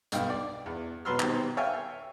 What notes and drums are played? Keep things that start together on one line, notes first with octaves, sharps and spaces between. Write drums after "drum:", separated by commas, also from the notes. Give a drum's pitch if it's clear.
B1 G2 B2 D#5 F5 G5, drum: hi-hat
D5
E2
B2 F#3 B4 C6 E6 F6
B2 D#3 G3 C4, drum: clap
C#5 E5 F5 G5 G#5